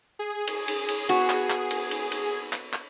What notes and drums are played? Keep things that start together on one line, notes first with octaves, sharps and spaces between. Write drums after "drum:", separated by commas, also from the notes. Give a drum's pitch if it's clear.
G#4
drum: cymbal
drum: cymbal
drum: cymbal
B3 F#4, drum: cymbal
drum: clap
drum: clap
drum: cymbal
drum: cymbal
drum: cymbal
drum: clap
drum: clap